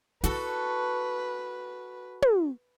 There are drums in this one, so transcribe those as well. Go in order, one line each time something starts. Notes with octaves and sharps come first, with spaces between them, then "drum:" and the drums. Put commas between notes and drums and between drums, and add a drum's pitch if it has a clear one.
E4 F#4 A4 B4, drum: hi-hat
drum: tom